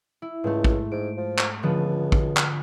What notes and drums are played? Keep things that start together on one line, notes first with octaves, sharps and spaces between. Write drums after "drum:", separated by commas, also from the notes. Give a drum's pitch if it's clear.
E4
C#2 G#2 A3
drum: kick A1
G#2 D7
F3
drum: clap
C#2 D3 F3 B3
drum: kick A1
drum: clap